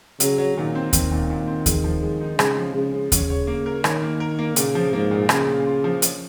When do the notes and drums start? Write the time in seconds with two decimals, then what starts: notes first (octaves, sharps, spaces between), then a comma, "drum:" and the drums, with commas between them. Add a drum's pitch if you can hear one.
0.20 C#3 F#3, drum: hi-hat
0.38 F#3
0.57 A#2 D#3
0.75 C4
0.93 D#3 C4, drum: kick D#2, hi-hat
1.12 A#2
1.30 A#2
1.47 C4
1.66 G#4, drum: kick D#2, hi-hat
1.84 F3
2.02 G#3
2.21 D#4
2.39 C#3 G#3, drum: rim click
2.57 F3
2.74 C#3 G#3
2.94 G#3
3.12 C#3 C#5, drum: kick D#2, hi-hat
3.30 C#5
3.47 A#3
3.66 A#4
3.84 D#3 C#5, drum: rim click
4.02 A#3
4.20 A#4
4.39 A#3
4.56 A#2 C#3, drum: hi-hat
4.75 F3
4.93 G#2 A#3
5.11 A#2
5.29 C#3 F4, drum: rim click
5.47 A#2
5.66 F4
5.84 F3
6.02 C#4, drum: hi-hat